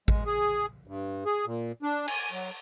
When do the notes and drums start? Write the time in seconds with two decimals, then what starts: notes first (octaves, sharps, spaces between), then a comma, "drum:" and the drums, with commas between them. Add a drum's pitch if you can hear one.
0.08 G#3, drum: kick A1
0.26 G#4
0.87 G2
1.26 G#4
1.46 A#2
1.83 D4
2.08 G#5, drum: cymbal
2.32 F#3